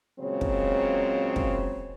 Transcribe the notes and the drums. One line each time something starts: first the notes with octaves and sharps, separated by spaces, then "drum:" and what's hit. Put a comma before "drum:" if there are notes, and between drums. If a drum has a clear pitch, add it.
A#2 C#3 F#3 G#3 C4 C#5
drum: kick
drum: kick